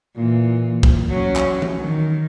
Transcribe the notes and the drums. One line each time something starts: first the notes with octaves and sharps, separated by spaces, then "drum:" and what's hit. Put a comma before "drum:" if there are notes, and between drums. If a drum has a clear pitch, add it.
A#2 E3
drum: kick
F#3 C#4
drum: clap
drum: tom E3
D#3